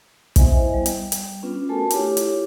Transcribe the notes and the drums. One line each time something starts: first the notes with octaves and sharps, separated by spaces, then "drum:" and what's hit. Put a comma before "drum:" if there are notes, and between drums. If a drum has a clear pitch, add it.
B3 E4 C5 D#5 E5 G#5, drum: kick, hi-hat
G3
drum: hi-hat
drum: hi-hat
B3 C#4 D4 F4 B4
A3 F#4 A4 A#4 G#5 A5
D4 E4 F4 G4 C#5, drum: hi-hat
drum: hi-hat